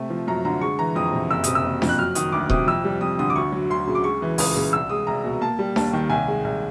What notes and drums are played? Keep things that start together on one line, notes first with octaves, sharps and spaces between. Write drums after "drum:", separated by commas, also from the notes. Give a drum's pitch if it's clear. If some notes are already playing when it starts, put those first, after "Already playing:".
Already playing: C3 A3
F3
F#2 A#5
D3 A#5
G#3 C#6
E3 A#5
F2 D#6
C3
F#1 E6
C3 D#6, drum: hi-hat
E6
F#1
F2, drum: snare D4
F#6
F#3 F6
D#3 D#6, drum: hi-hat
D2 D6
C3 D#6, drum: kick D#1
F2 E6
G3
F2 D#6
D3 D#6
D6
D2 C#6
F#3
D2 C6
C#3
D6
G#3 C#6
E3
C#2 D#6, drum: open hi-hat
C#3
C2 E6
G#3 D#6
C2 A#5
B2
A#3 A5
G3
D#2 A5, drum: snare D4
D#3
C2 G#5
G#3
C2